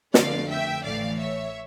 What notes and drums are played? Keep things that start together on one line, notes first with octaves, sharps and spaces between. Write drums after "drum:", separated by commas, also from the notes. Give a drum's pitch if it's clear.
F2 D3 A3 D5 F5, drum: snare
E5 G5
A1 A2 E3 A3 D5 F5
C#5 E5